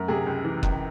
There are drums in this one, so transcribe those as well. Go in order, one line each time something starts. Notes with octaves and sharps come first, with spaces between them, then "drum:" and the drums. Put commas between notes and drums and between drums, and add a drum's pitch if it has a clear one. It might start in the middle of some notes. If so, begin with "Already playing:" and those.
Already playing: F#2
C3 G#4
C#2
E3
C#2, drum: kick F#1